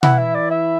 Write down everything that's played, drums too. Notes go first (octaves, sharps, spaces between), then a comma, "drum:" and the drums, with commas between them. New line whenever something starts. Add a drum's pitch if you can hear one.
E3 E4 F#5, drum: tom B2
E5
D5
E5